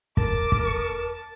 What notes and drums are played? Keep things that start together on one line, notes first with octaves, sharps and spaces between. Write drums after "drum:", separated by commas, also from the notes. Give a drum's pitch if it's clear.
E2 A#4 A5 D6, drum: kick
drum: kick